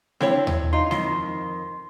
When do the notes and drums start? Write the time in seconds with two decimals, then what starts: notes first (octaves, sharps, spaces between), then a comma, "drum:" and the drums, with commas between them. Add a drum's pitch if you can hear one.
0.21 C4 D4 E4 C#5, drum: snare G#3
0.47 drum: tom D#2
0.73 D#4 F4 C6
0.91 F2 D#3 C6, drum: snare G#3